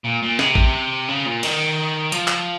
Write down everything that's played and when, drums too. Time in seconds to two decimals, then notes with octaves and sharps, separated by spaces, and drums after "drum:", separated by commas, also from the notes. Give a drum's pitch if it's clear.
0.04 A#2
0.22 A#2
0.39 C3, drum: snare
0.55 drum: kick G#1
1.08 C#3
1.26 A#2
1.43 D#3, drum: cymbal
2.12 F3, drum: hi-hat
2.28 drum: clap